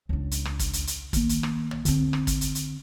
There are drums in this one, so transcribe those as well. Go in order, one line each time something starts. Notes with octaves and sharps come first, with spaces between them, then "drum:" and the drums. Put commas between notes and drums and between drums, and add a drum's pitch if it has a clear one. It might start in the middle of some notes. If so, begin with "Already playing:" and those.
C#2 D4
drum: hi-hat
drum: rim click
drum: kick, hi-hat
drum: hi-hat
drum: hi-hat
D#3 A#3, drum: kick, hi-hat
drum: hi-hat
drum: rim click
drum: tom
D3 C4, drum: hi-hat
drum: rim click
drum: kick, hi-hat
drum: hi-hat
drum: hi-hat